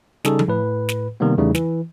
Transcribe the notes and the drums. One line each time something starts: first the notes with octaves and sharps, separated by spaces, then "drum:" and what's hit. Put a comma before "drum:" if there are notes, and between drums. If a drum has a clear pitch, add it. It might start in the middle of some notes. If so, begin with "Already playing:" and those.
C#3 G3 D#4 G#4 A4, drum: snare
drum: tom F3
A2 B4
drum: snare
C3 D#3 G3 A#3 B3
E2 C#3 E3 G3 A3 D#4
E3, drum: snare